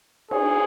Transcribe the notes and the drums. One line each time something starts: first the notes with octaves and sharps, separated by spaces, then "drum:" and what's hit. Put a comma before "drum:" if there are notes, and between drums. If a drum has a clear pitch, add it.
G#4, drum: cymbal